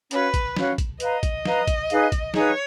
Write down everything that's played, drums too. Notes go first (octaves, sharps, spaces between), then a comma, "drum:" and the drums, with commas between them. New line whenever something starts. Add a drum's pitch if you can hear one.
C#4 F#4 B4 C#5 F5, drum: hi-hat
drum: kick, hi-hat
C#4 F#4 C#5 F5, drum: snare
drum: kick, hi-hat
B4 D#5 F5 A#5, drum: hi-hat
drum: kick, hi-hat
B4 F5 A#5, drum: snare
drum: kick, hi-hat
D#4 G#4 B4 F5, drum: hi-hat
drum: kick, hi-hat
D#4 G#4 B4 C#5 F5, drum: snare